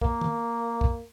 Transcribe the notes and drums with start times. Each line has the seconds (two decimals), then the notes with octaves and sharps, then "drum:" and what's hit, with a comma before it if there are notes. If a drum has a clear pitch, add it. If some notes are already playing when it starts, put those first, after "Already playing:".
0.01 A#3, drum: kick
0.21 drum: tom
0.81 drum: kick